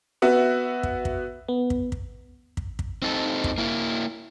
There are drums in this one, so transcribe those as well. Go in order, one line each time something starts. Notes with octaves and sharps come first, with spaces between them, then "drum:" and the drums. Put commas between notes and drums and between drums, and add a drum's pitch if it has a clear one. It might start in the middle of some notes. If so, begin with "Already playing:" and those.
B3 F#4 E5
drum: kick
drum: kick
B3
drum: kick
drum: kick
drum: kick
drum: kick
C4 D#4 A4
drum: kick
A#3 E4